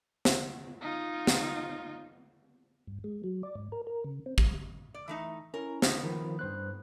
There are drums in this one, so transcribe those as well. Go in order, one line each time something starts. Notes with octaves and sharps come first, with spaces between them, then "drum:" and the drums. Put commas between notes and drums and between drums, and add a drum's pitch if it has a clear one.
drum: snare
D#4 F4
drum: snare
G2
G#3
F#3
D5
G#2
A#4
A#4
C#3
C4
G3, drum: kick
D5
E3 A3 D#4
C#4 E4 A#4
A2 B3 D#4, drum: snare
D#3 F3
G2 C5 F#6